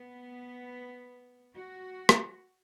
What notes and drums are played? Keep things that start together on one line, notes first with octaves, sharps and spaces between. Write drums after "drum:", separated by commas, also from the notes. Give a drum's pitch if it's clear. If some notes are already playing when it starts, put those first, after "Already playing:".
Already playing: B3
F#4
drum: rim click